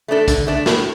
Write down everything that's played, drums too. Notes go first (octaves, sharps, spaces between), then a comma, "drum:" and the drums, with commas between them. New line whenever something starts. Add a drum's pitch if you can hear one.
A3 D4 A4
D3, drum: kick, hi-hat
A3 D4 A4
A2, drum: snare